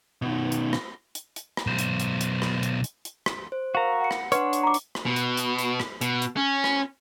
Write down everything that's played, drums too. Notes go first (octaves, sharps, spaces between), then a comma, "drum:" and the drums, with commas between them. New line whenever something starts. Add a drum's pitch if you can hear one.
B2 D#3
drum: hi-hat
drum: rim click
drum: hi-hat
drum: hi-hat
drum: rim click
B1 C5
drum: hi-hat
drum: hi-hat
drum: hi-hat
drum: rim click
drum: hi-hat
drum: hi-hat
drum: hi-hat
drum: rim click
C5
F#4 A#4 F5 A#5
F#5 C#7
drum: rim click
D4 B4 C#5 F#5 C6, drum: hi-hat
drum: hi-hat
A#5 D6
drum: hi-hat
drum: rim click
B2
drum: hi-hat
drum: hi-hat
drum: hi-hat
drum: rim click
B2, drum: hi-hat
drum: hi-hat
C#4
drum: rim click